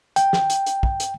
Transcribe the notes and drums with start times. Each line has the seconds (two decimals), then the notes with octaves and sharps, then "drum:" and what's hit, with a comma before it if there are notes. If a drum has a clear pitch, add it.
0.16 G5, drum: hi-hat
0.33 drum: snare
0.50 drum: hi-hat
0.66 drum: hi-hat
0.83 drum: kick
1.00 drum: hi-hat